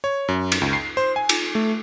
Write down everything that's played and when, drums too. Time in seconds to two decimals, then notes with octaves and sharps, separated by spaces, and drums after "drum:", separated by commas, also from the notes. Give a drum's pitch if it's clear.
0.04 C#5
0.28 F#2
0.52 drum: cymbal
0.62 C#2
0.73 C7
0.97 C5
1.16 G#5
1.29 drum: cymbal
1.55 A3